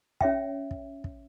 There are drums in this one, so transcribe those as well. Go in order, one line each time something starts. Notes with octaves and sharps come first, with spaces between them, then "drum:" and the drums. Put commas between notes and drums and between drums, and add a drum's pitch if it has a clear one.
C#4 C#5 E5 G5, drum: kick
drum: kick
drum: kick